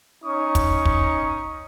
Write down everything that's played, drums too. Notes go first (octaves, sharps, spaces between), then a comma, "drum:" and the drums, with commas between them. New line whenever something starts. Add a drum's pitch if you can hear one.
C#4 D#4 C#5 C#6 D#6
drum: kick, hi-hat
drum: kick